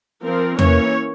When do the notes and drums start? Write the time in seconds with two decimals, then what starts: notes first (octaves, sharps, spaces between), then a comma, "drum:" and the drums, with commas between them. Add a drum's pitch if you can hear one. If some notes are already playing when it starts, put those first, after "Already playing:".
0.23 F3 C4 A#4
0.59 E3 A#3 C#4 C#5, drum: tom E2